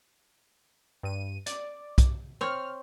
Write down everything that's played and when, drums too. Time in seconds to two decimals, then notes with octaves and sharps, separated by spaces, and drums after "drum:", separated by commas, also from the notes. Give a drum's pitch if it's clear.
1.03 G2 D#7
1.46 D5, drum: hi-hat
1.98 drum: kick, hi-hat
2.41 C4 C#5 F6